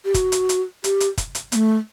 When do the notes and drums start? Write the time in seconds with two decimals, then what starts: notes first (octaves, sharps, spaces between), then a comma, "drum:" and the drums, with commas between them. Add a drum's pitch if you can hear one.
0.05 G4
0.14 F#4, drum: kick, hi-hat
0.32 drum: hi-hat
0.49 drum: hi-hat
0.84 G4, drum: hi-hat
1.00 drum: hi-hat
1.18 drum: kick, hi-hat
1.35 drum: hi-hat
1.52 B3, drum: hi-hat
1.55 A3